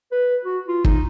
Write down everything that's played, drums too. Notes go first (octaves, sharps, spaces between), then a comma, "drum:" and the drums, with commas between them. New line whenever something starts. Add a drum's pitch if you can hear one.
B4
F#4
F4
D#4, drum: kick